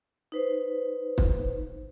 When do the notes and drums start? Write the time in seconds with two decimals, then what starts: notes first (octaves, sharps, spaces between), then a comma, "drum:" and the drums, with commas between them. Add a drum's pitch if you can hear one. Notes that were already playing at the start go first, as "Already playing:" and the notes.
0.32 D#4 B4 C5
1.18 drum: kick